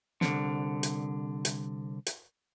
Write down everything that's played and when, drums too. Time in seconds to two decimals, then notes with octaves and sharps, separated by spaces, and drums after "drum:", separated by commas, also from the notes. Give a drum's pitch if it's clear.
0.21 C2 F2 D3, drum: snare
0.83 drum: hi-hat
1.45 drum: hi-hat
2.06 drum: hi-hat